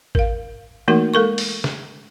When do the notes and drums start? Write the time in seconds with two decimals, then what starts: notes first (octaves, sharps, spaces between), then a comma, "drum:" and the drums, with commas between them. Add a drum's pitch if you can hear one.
0.15 A#4 F5, drum: kick G#1
0.88 E3 A3 A#3 D#4 F#4 A#4
1.14 G#3 A4 A#4 C#6
1.38 drum: open hi-hat
1.64 drum: snare